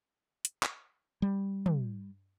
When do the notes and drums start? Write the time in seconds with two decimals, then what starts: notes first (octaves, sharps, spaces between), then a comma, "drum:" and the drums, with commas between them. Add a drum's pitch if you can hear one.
0.45 drum: hi-hat
0.63 drum: clap
1.22 G3
1.66 drum: tom